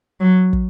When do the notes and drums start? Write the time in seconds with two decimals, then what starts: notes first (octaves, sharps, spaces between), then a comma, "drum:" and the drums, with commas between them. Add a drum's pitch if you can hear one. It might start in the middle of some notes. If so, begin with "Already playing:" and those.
0.20 F#3
0.53 drum: kick